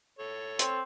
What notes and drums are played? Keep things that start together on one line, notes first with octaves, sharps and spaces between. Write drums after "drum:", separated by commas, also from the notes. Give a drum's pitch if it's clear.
A4 C#5
C4, drum: hi-hat